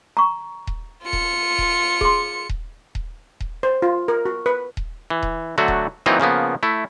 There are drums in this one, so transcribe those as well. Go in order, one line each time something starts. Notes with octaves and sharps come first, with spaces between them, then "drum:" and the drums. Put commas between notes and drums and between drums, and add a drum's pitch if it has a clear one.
A#5 C#6
drum: kick D#1
F4 C#7
drum: kick D#1
drum: kick D#1
G#4 C6, drum: kick D#1
drum: kick D#1
drum: kick D#1
drum: kick D#1
C5
F4
A#4
F#4
B4
drum: kick D#1
E3
drum: kick D#1
D3 F#3 A3 F#4
drum: kick D#1
E3 F#3 A#3 C4 D#4 F4
C#3 F3 A#3 B3
A3 E4